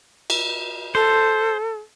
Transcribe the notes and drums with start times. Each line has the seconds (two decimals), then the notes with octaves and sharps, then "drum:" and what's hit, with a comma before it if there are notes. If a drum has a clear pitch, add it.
0.30 drum: cymbal
0.95 A4 C5